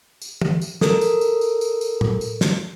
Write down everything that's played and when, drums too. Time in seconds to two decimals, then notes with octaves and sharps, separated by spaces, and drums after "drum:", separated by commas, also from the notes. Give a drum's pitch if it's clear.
0.22 drum: tambourine
0.41 drum: tom
0.61 drum: tambourine
0.81 A4 A#4, drum: snare
1.01 drum: tambourine
1.21 drum: tambourine
1.41 drum: tambourine
1.61 drum: tambourine
1.81 drum: tambourine
2.01 drum: tom A2
2.21 drum: tambourine
2.41 drum: snare